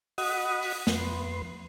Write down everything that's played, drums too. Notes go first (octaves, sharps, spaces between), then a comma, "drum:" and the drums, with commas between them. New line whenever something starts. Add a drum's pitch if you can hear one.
F#4 D#5 F#5 B5 D#6, drum: open hi-hat
drum: open hi-hat
F2 B4 C6, drum: snare